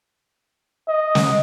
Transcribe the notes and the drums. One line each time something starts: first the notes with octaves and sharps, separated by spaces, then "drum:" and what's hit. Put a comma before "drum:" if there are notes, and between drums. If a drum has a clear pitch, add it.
D#5
drum: snare